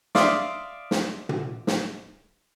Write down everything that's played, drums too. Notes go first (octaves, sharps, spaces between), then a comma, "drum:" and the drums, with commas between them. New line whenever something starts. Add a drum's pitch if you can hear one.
D5 E5 F5 C6 D#6, drum: snare
drum: snare
drum: tom
drum: snare